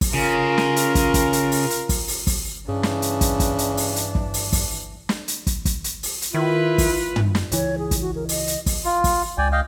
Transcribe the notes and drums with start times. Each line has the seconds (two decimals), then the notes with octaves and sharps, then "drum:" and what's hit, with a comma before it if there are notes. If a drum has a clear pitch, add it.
0.01 drum: kick, open hi-hat
0.13 C#3 F4 A#4
0.58 drum: snare
0.76 drum: hi-hat
0.95 drum: kick, hi-hat
1.14 drum: kick, hi-hat
1.33 drum: hi-hat
1.52 drum: open hi-hat
1.70 drum: hi-hat
1.89 drum: kick, open hi-hat
2.08 drum: open hi-hat
2.27 drum: kick, open hi-hat
2.68 G2 C#3 E3 D4
2.83 drum: snare
3.02 drum: hi-hat
3.21 drum: kick, hi-hat
3.40 drum: kick, hi-hat
3.58 drum: hi-hat
3.77 drum: open hi-hat
3.96 drum: hi-hat
4.15 drum: kick
4.34 drum: open hi-hat
4.53 drum: kick, open hi-hat
5.09 drum: snare
5.28 drum: hi-hat
5.47 drum: kick, hi-hat
5.65 drum: kick, hi-hat
5.84 drum: hi-hat
6.03 drum: open hi-hat
6.22 drum: hi-hat
6.34 D#3 E4 F4 B4
6.78 drum: kick, open hi-hat
7.16 drum: tom
7.35 drum: snare
7.52 C#2 E3 C#5, drum: hi-hat
7.78 G#4
7.91 drum: kick, hi-hat
8.01 F#4
8.15 A#4
8.29 D#5, drum: open hi-hat
8.48 drum: hi-hat
8.66 drum: kick, open hi-hat
8.85 F4
9.04 drum: kick, open hi-hat
9.38 C#2 D5 G5 G#5
9.52 D#5 F5 G5